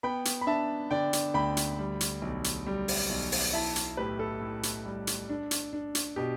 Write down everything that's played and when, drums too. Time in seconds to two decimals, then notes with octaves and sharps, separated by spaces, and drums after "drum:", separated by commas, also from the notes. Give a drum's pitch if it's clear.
0.03 B3 G5 B5
0.25 drum: hi-hat
0.41 B5
0.47 D4 E5 A5
0.91 D3 D5 G5
1.13 drum: hi-hat
1.34 D2 G5 B5
1.57 drum: hi-hat
1.79 G3
2.01 drum: hi-hat
2.22 B1
2.44 drum: hi-hat
2.67 G3
2.88 drum: open hi-hat
3.09 B1
3.32 drum: open hi-hat
3.53 E4 E5 A5
3.76 drum: hi-hat
3.97 A2 G4 B4
4.19 A4
4.41 A2
4.63 drum: hi-hat
4.85 G3
5.07 drum: hi-hat
5.29 D4
5.51 drum: hi-hat
5.73 D4
5.95 drum: hi-hat
6.16 B2 G4